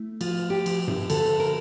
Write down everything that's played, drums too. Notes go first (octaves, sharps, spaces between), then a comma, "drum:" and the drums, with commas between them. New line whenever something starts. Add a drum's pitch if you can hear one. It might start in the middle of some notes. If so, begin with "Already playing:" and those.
Already playing: A3 E4
F3 F4, drum: cymbal
G4
F3, drum: cymbal
drum: tom G2
D3 A4, drum: cymbal
A#4